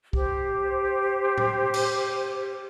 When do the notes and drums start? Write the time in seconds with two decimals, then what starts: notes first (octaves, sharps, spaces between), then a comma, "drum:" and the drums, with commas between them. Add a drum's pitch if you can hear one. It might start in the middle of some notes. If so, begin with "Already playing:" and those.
0.13 G4 C5, drum: kick
1.38 drum: tom A2
1.74 drum: cymbal